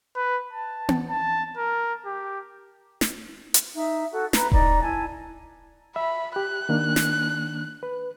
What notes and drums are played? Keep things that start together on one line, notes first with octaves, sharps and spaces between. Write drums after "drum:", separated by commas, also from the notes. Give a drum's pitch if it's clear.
B4
A5
drum: tom B3
A5
A#4
G4
drum: snare
drum: hi-hat
D#4 E5
F#4 A4
B4 A#5, drum: snare
D#4 D5 A#5, drum: kick D#1
E4 G#5 A5
E5 B5
G4 F#6
D#3 A#3 D4
drum: snare
B4